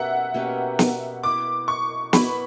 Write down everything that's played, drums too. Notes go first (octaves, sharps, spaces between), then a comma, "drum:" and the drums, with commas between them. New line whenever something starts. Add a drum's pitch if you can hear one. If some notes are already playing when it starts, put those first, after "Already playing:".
Already playing: B2 A#3 C#4 G4 E5 F#5
B2 A#3 C#4 G4
drum: snare
B3 E4 B4 D6
C#6
B3 E4 B4 B5, drum: snare